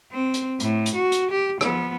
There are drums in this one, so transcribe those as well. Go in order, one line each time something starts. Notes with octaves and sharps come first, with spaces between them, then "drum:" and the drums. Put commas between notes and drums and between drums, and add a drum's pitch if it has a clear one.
C4
drum: hi-hat
A2, drum: hi-hat
drum: hi-hat
F#4
drum: hi-hat
G4
F3 B3, drum: rim click